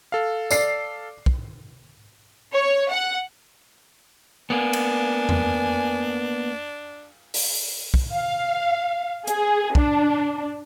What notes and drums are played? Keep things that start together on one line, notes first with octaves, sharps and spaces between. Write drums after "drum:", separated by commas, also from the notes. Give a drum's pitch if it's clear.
A4 F5
D5 C7, drum: tambourine
drum: kick
C#5
F#5
A#3 B3 D4 G#5
drum: cymbal
drum: tom E2
drum: open hi-hat
drum: kick
F5
G#4, drum: hi-hat
D4, drum: kick